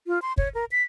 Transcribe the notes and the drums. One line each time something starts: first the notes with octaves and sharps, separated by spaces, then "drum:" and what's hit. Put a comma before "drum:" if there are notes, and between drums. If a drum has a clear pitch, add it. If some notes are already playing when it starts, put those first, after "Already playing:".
F4
C6
C#5, drum: kick
A#4
B6